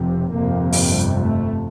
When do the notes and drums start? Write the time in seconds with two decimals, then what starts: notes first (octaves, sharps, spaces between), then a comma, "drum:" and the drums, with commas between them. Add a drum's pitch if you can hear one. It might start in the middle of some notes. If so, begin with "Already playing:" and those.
Already playing: F1 F2 C3
0.33 G1 F2 C3 A#3
0.72 drum: open hi-hat
0.93 G3
1.22 A3